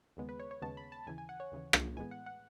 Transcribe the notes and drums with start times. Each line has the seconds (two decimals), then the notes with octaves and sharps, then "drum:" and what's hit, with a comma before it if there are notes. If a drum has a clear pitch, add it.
0.17 D#2 C#3 G#3 B3
0.29 B4
0.40 C#5
0.51 C#5
0.62 D#2 C#3 G#3 B3 A5
0.77 B5
0.92 A5
1.07 D#2 C#3 E3 G#5
1.18 G#5
1.29 F#5
1.40 C#5
1.52 D#2 C#3 E3
1.73 drum: rim click
1.97 A2 E3 G#3 B3 G#5
2.11 F#5
2.26 F#5